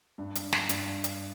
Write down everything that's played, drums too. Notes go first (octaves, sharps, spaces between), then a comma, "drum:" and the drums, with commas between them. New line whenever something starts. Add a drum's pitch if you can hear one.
G2
drum: hi-hat
drum: snare
G2, drum: hi-hat
drum: hi-hat